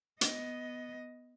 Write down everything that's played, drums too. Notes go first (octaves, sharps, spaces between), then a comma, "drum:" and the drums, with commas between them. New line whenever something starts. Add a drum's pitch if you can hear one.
B3 D#5, drum: hi-hat